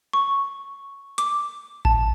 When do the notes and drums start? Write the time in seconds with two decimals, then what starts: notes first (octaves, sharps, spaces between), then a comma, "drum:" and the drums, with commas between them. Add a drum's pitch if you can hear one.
0.13 C#6
1.18 D6, drum: hi-hat
1.85 A5, drum: kick A1